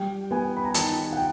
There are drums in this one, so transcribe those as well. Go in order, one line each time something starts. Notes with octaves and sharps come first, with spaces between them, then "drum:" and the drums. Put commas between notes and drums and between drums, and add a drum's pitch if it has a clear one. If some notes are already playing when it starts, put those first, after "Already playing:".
Already playing: G3 G5
B3 G#5
B5
A#5
D#3 A5, drum: hi-hat
F#5
G5